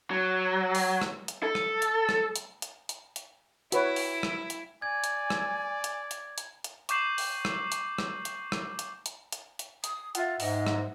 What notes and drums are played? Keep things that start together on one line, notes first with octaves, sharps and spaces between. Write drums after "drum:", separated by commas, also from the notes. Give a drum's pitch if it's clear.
F#3
drum: open hi-hat
drum: rim click
drum: hi-hat
A4
drum: rim click
drum: hi-hat
drum: rim click
drum: hi-hat
drum: hi-hat
drum: hi-hat
drum: hi-hat
E4 F#4 B4 C#5, drum: hi-hat
drum: open hi-hat
drum: rim click
drum: hi-hat
D5 G#5 G#6
drum: hi-hat
drum: rim click
drum: hi-hat
drum: hi-hat
drum: hi-hat
drum: hi-hat
C#6 D6 G6 C7 E7 F#7, drum: hi-hat
drum: open hi-hat
drum: rim click
drum: hi-hat
drum: rim click
drum: hi-hat
drum: rim click
drum: hi-hat
drum: hi-hat
drum: hi-hat
drum: hi-hat
D#6, drum: hi-hat
F4 E5 F#5, drum: hi-hat
G#2 D#5, drum: open hi-hat
drum: rim click